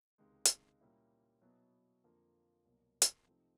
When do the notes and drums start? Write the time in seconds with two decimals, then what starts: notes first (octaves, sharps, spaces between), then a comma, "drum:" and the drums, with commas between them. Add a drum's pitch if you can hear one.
0.18 C#2 C3 D#3 G#3
0.45 drum: hi-hat
0.81 A#2 G3 A#3 C#4 E4
1.42 B2 F#3 B3 E4
2.03 F2 D3 F3 A#3
2.64 C2 B2 F#3 A#3
3.02 drum: hi-hat
3.26 C3 F3 A3 C4 D#4